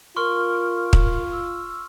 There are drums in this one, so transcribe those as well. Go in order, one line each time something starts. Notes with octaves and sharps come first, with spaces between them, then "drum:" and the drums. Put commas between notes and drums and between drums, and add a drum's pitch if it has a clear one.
F4 A#4 C6 C#6 F6
drum: kick
E6